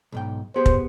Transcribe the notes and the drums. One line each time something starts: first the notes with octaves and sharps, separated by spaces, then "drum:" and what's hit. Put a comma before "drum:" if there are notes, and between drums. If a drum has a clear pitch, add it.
B1 G#2 G5
B3 G4 G#4 C5
drum: kick